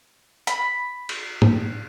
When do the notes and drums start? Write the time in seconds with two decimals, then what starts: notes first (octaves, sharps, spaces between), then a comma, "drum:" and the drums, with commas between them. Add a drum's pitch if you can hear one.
0.47 B5, drum: hi-hat
1.09 drum: cymbal
1.42 drum: tom